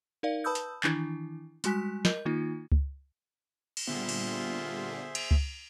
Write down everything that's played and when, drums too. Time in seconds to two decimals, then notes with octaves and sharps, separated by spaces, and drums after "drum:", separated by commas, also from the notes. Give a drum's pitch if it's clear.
0.23 D#4 A#4 D5 F5
0.44 B4 A5 B5 D#6 E6 G6
0.55 drum: hi-hat
0.84 D#3 E3 D4 E4, drum: clap
1.64 G3 G#3 F#4 G#5 F#6 B6, drum: hi-hat
2.05 A#4 D#5 G6, drum: snare
2.25 D#3 A#3 D#4 F4
2.72 drum: kick C#2
3.77 drum: cymbal
3.88 A#2 D3 G3 B3 F4 G#4 C5 E5
4.09 drum: cymbal
5.15 drum: cymbal
5.31 drum: kick C#2